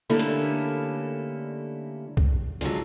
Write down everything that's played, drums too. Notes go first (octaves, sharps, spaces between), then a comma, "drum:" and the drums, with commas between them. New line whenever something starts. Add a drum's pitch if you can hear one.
D3 G3 A3 A#3 C#4 E4
drum: hi-hat
drum: kick C2
D3 F#3 G#3 F4, drum: hi-hat